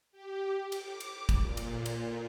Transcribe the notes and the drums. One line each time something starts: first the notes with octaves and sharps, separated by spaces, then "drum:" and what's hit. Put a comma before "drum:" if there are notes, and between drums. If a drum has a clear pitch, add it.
G4
D6, drum: cymbal
drum: cymbal
drum: kick, cymbal
A#2
drum: cymbal
drum: cymbal